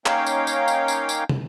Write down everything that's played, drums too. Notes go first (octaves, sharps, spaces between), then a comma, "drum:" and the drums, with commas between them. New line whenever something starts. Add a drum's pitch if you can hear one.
A#3 C#4 D#4 C#5 F5 G5, drum: clap
drum: tambourine
drum: tambourine
drum: tambourine
drum: tambourine
drum: tambourine
drum: tom